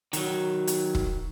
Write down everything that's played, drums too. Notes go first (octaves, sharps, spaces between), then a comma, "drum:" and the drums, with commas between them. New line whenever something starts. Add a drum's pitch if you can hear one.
D#3 F#3, drum: hi-hat
drum: hi-hat
drum: kick